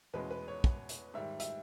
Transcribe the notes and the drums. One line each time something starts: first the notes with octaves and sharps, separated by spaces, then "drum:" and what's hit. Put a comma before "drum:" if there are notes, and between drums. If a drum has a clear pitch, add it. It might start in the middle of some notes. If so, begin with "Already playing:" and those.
E2 B2 G#3 C#4 B4
B4
C#5
drum: kick
drum: hi-hat
G#2 D#3 G3 E5
E5, drum: hi-hat